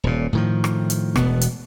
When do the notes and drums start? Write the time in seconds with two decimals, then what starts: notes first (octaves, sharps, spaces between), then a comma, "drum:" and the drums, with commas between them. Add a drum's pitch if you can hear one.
0.04 D#1 A#2
0.33 A2 D#3 F3
0.64 drum: rim click
0.90 drum: hi-hat
1.16 E1 B2 B3, drum: rim click
1.41 drum: hi-hat